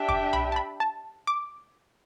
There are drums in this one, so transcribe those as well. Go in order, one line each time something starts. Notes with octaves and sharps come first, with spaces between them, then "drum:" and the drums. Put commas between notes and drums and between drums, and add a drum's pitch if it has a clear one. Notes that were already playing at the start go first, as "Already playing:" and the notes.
Already playing: D4 G4 E5 G5
D6, drum: kick
B5, drum: tom B1
A5
B5
A5
D6